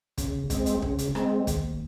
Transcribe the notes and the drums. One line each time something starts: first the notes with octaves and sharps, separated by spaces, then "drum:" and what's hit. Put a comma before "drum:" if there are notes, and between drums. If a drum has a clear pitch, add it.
C#3, drum: kick, hi-hat
G#3 C4, drum: kick, hi-hat
drum: hi-hat
C#3, drum: kick
drum: hi-hat
G#3 C4, drum: rim click
D#2, drum: kick, hi-hat